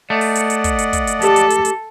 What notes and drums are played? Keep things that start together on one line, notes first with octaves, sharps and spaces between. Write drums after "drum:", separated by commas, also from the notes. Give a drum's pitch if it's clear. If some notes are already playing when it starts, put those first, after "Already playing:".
A3 D5 D#5 F#5
drum: open hi-hat
drum: hi-hat
drum: hi-hat
drum: kick, hi-hat
drum: hi-hat
drum: kick, hi-hat
drum: hi-hat
G4 A4, drum: hi-hat
drum: hi-hat
drum: hi-hat
drum: hi-hat